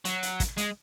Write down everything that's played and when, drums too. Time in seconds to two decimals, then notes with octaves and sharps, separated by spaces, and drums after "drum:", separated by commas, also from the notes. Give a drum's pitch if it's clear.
0.05 F#3, drum: hi-hat
0.23 drum: hi-hat
0.40 drum: kick, hi-hat
0.58 G#3, drum: hi-hat